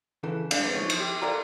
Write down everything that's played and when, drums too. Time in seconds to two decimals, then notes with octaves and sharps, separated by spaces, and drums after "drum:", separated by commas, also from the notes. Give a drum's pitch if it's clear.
0.23 C#3 E3 A4
0.51 G#2 G3 D4 F5, drum: cymbal
0.63 F2 G#2 A#3 B3
0.75 F3 D#4 C#5
0.90 drum: cymbal
1.00 G4
1.22 A4 A#4 D5 F5 G5 A#5